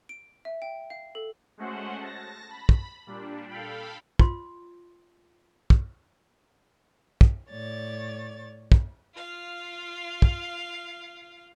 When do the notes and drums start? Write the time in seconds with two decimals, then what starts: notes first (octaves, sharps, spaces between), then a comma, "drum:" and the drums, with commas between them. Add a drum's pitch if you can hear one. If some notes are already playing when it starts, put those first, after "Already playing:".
0.09 D7
0.45 E5
0.62 G5
0.90 F5
1.15 A4
1.58 G#3 A3 C#4 F#4 C5 F#5
2.00 A5 A#6
2.50 B5
2.69 drum: kick
3.07 A#2 G3 D4
3.49 A4 F5 G5 B5
4.19 F4 C6, drum: kick
5.70 drum: kick
7.21 drum: kick
7.50 A2 C#5 D5 A6
8.72 drum: kick
9.15 F4 F5
10.22 drum: kick